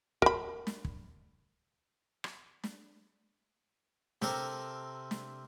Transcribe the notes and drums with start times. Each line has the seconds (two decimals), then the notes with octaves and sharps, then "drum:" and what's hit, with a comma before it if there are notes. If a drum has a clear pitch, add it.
0.22 A#4 B5, drum: kick
0.67 drum: snare
0.85 drum: kick
2.24 drum: rim click
2.63 drum: snare
4.22 C3 A4 A#4, drum: snare
5.11 drum: snare